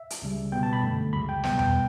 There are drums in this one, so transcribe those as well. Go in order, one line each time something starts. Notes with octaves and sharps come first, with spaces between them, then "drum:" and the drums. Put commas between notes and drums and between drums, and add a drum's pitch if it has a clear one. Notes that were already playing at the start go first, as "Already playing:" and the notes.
Already playing: E5
drum: hi-hat
C#2 C#3 G3
B2 G3 B3 G5
A5
B5
F#2 D3 A3
C#2 C#3 F#3 B5
G5
B2 G3 B3 G5, drum: snare
G5, drum: tom E2